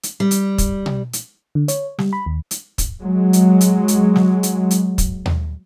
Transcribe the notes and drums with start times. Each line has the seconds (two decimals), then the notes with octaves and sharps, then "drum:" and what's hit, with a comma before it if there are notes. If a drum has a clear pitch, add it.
0.03 drum: hi-hat
0.20 G3
0.31 drum: hi-hat
0.58 drum: kick, hi-hat
0.86 drum: tom B2
1.13 drum: hi-hat
1.55 D3
1.68 C#5, drum: hi-hat
1.99 G3, drum: snare
2.13 B5
2.26 D#2
2.51 drum: hi-hat
2.78 drum: kick, hi-hat
3.01 F#3 G#3
3.33 drum: hi-hat
3.61 drum: hi-hat
3.88 drum: hi-hat
4.16 drum: snare
4.43 drum: hi-hat
4.71 drum: hi-hat
4.98 drum: kick, hi-hat
5.26 drum: tom D#2